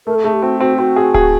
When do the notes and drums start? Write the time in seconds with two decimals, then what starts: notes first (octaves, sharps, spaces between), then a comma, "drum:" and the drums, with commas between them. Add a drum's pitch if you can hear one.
0.07 A3 A#4
0.15 A4
0.24 A3 G#4
0.33 G4
0.43 C4 F#4
0.60 C4 F#4
0.78 C4 F#4
0.96 G#4
1.14 G#4, drum: kick D1